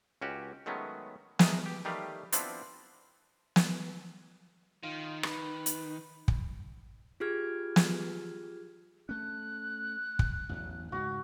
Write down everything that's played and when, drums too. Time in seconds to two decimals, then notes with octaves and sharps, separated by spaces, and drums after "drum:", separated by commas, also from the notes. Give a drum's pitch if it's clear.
0.22 C#2 C#4 F#4 G4
0.66 D#3 F#3 G#3 A3 B3 C#4
1.39 E2 E3 A3 G#4 A#4 D#5, drum: snare
1.66 G4
1.85 D#3 G3 A3 G4 B4 F5
2.32 F3 B3 C4 D4 E4 C5, drum: hi-hat
3.56 drum: snare
4.83 D#3 F4
5.23 B4, drum: rim click
5.66 drum: hi-hat
6.28 drum: kick
7.20 F4 G4 G#4 F6 G#6
7.76 drum: snare
9.09 A3 C#4 F#6
10.19 drum: kick
10.49 A1 E2 F#3
10.92 C#2 G#2 F#4